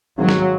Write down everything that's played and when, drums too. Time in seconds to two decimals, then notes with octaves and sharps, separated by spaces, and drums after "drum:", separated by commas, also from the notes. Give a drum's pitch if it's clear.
0.18 G#1 G#2 D#3 F#3
0.29 drum: snare